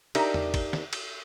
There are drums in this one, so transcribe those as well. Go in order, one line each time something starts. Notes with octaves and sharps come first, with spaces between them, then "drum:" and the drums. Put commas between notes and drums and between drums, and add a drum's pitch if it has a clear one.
D4 D#4 G4 A#4 E5, drum: cymbal
drum: tom E2
drum: kick, cymbal
drum: snare
drum: cymbal